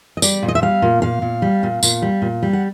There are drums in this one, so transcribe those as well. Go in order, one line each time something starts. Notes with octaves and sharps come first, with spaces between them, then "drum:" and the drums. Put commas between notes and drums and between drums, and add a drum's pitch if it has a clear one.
D#5
G3 D5, drum: tambourine
A#2
D#5
E5
G3 F5
A#2
A#2 F5
A#2
G3
A#2
A#2, drum: tambourine
G3
A#2
G3
F#5